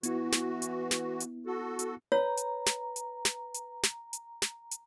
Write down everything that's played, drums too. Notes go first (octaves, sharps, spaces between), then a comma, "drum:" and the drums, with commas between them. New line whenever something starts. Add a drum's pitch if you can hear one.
E3 B3 E4 F#4, drum: hi-hat
drum: snare
drum: hi-hat
drum: snare
drum: hi-hat
F#4 A4
drum: hi-hat
B4 C#5 A#5
drum: hi-hat
drum: snare
drum: hi-hat
drum: snare
drum: hi-hat
drum: snare
drum: hi-hat
drum: snare
drum: hi-hat